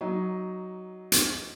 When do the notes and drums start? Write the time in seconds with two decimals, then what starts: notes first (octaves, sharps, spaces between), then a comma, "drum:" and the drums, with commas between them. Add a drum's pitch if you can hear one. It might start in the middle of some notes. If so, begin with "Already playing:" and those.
0.01 F#3 D#4
1.12 drum: hi-hat